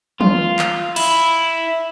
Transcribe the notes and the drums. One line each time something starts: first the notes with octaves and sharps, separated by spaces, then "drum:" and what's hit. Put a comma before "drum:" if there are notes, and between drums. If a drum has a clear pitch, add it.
F4, drum: tom
drum: clap
E4, drum: cymbal